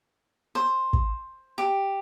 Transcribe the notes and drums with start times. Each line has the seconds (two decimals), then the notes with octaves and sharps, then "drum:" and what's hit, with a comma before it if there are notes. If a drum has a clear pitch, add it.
0.55 C5
0.93 drum: kick
1.58 G4